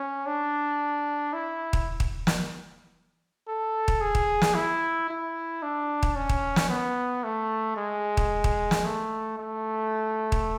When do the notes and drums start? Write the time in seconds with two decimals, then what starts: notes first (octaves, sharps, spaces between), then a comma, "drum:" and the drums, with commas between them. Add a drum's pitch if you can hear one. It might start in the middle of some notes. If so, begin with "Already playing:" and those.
Already playing: C#4
0.26 D4
1.33 E4
1.73 drum: kick
2.00 drum: kick
2.27 drum: snare
3.48 A4
3.88 drum: kick
4.01 G#4
4.15 drum: kick
4.42 drum: snare
4.55 E4
5.09 E4
5.62 D4
6.03 drum: kick
6.15 C#4
6.29 drum: kick
6.56 drum: snare
6.69 B3
7.24 A3
7.77 G#3
8.17 drum: kick
8.44 drum: kick
8.71 drum: snare
8.85 A3
9.38 A3
10.32 drum: kick